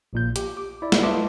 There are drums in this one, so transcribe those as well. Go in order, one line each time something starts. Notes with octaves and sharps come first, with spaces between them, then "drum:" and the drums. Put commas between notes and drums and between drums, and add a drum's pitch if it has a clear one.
A#1 A#2 G6
G4, drum: hi-hat
D6
E4 D5
drum: snare
F4 B4 D#5 E5 A5 D6